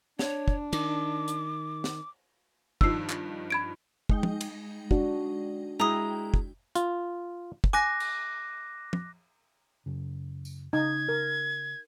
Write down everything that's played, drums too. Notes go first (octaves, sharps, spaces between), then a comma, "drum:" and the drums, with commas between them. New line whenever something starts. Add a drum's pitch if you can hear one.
D4 C#5, drum: snare
drum: kick
D#3 D6, drum: cymbal
drum: hi-hat
drum: snare
G2 D#3 F3 E6 C7, drum: kick
drum: clap
B5 G#6 D7
G#3 D#4 G5, drum: kick
drum: tom
drum: cymbal
D4 F#4, drum: kick
G#3 E4 G5 A#5 D#6
drum: kick
F4, drum: hi-hat
drum: kick
G#5 D6 F#6 A#6
drum: cymbal
drum: tom
F#2 C#3
drum: tambourine
C#3 D#4 G#6
A#4